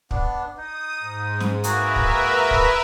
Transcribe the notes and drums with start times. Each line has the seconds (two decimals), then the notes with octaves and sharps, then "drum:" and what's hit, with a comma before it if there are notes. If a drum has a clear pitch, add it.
0.11 B3 D4, drum: kick
0.57 D#4 D#6
1.00 G#2
1.40 drum: snare
1.64 A#3 F#4 G#4 A#4 B4 E5, drum: hi-hat
1.96 drum: kick
2.51 drum: kick